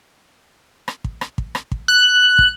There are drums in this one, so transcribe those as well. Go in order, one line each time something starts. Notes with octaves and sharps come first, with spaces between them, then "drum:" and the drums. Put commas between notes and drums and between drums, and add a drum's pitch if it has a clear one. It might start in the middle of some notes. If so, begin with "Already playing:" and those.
drum: rim click
drum: kick
drum: rim click
drum: kick
drum: rim click
drum: kick
F#6
drum: kick